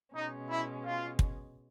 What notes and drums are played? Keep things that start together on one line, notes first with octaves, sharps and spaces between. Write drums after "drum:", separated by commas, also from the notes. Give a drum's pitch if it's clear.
B2 G#3 C#4 D#4
E4
F4
drum: kick